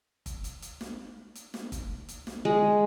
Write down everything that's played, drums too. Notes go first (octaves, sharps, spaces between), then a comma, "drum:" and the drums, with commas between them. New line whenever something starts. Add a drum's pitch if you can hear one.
drum: kick, hi-hat
drum: hi-hat
drum: hi-hat
drum: snare
drum: hi-hat
drum: snare
drum: kick, hi-hat
drum: hi-hat
drum: snare
G#3